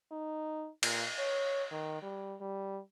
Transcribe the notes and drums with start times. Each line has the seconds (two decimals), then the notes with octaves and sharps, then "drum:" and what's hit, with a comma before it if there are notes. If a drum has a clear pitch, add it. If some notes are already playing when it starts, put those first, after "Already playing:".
0.11 D#4
0.83 A#2, drum: cymbal
1.18 C#5
1.72 D#3
2.02 G3
2.41 G3